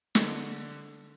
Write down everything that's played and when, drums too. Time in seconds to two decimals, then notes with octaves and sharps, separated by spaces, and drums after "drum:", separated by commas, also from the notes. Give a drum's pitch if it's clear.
0.15 D3, drum: snare